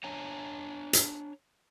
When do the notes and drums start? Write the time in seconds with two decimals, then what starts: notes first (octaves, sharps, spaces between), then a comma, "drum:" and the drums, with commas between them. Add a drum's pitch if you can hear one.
0.04 D4 C#5 G#5 A#5
0.93 drum: hi-hat